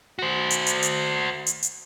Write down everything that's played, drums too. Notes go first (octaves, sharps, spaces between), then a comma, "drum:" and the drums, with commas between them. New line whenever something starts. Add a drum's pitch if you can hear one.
F#4 C5
drum: hi-hat
drum: hi-hat
drum: hi-hat
drum: hi-hat
drum: hi-hat